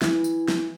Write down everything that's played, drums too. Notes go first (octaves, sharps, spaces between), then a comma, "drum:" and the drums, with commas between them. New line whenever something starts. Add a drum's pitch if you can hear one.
E3, drum: snare
drum: tambourine
drum: snare